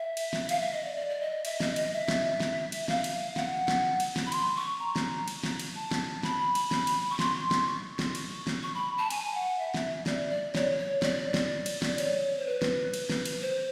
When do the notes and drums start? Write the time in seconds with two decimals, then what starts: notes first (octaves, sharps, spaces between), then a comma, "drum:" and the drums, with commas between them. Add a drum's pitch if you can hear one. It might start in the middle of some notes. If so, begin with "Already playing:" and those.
Already playing: E5
0.17 drum: cymbal
0.33 drum: snare
0.49 F5, drum: cymbal
0.61 E5
0.73 D#5
0.85 D5
0.97 D5
1.09 D5
1.21 D#5
1.45 E5, drum: cymbal
1.60 D#5, drum: snare
1.76 D#5, drum: cymbal
1.93 E5
2.08 drum: snare
2.40 drum: snare
2.72 drum: cymbal
2.88 F5, drum: snare
3.04 drum: cymbal
3.36 F#5, drum: snare
3.68 drum: snare
4.00 drum: cymbal
4.16 drum: snare
4.26 B5
4.32 C6, drum: cymbal
4.56 C#6
4.80 A#5
4.96 drum: snare
5.28 drum: cymbal
5.44 drum: snare
5.59 drum: cymbal
5.75 A5
5.91 drum: snare
6.23 B5, drum: snare
6.55 drum: cymbal
6.71 drum: snare
6.87 drum: cymbal
7.10 C#6
7.19 C6, drum: snare
7.51 drum: snare
7.67 C#6
7.99 drum: snare
8.15 drum: cymbal
8.47 drum: snare
8.63 C#6
8.74 B5
8.99 A5
9.10 G#5, drum: cymbal
9.34 F#5
9.58 E5
9.74 drum: snare
10.06 D5, drum: snare
10.30 D5
10.55 C#5, drum: snare
10.78 C#5
11.02 D5, drum: snare
11.34 drum: snare
11.66 drum: cymbal
11.82 drum: snare
11.98 C#5, drum: cymbal
12.37 C5
12.46 B4
12.62 drum: snare
12.94 drum: cymbal
13.10 drum: snare
13.25 drum: cymbal
13.42 C5